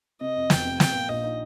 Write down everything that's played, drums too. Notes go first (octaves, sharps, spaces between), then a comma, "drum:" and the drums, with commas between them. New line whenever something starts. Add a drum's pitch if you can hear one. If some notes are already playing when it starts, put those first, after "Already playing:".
C3 D#5
F2
F1 G5, drum: snare
C3
A#2 G5, drum: snare
A#2
A#1 D#5
D#4